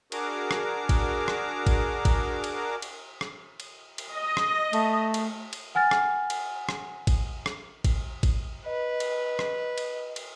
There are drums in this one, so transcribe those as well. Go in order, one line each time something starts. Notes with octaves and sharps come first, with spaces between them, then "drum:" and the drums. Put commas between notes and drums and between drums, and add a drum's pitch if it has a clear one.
D4 F#4 G#4 A#4 A#5 D6, drum: cymbal
drum: rim click
drum: kick A1, cymbal
drum: rim click
drum: kick A1, cymbal
drum: kick A1, cymbal
drum: cymbal
drum: cymbal
drum: rim click
drum: cymbal
drum: cymbal
D#5
drum: rim click
A3, drum: cymbal
drum: cymbal
drum: cymbal
F#5 G#5 F6 A6
drum: rim click
drum: cymbal
drum: rim click
drum: kick A1, cymbal
drum: rim click
drum: kick A1, cymbal
drum: kick A1, cymbal
B4 D#5
drum: cymbal
drum: rim click
drum: cymbal
drum: cymbal